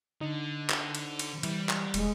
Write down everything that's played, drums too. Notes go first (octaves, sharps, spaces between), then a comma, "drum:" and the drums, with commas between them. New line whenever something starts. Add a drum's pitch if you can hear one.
D3 D#4
drum: clap
drum: cymbal
drum: cymbal
E3 G3, drum: cymbal
drum: clap
E1 G#3, drum: cymbal